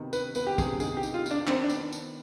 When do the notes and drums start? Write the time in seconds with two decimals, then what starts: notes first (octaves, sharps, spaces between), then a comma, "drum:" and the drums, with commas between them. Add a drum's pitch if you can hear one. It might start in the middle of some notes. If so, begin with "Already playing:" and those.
Already playing: C3 D#3 B3
0.13 D#4 B4, drum: tambourine
0.35 B3 B4, drum: tambourine
0.47 G4
0.58 C3 G#4, drum: kick, tambourine
0.80 D#3 G#4, drum: tambourine
0.97 G4
1.03 D#4, drum: tambourine
1.14 F4
1.26 B3 D4, drum: tambourine
1.47 D#3 C4, drum: clap
1.64 D4
1.69 B3, drum: tambourine
1.93 drum: tambourine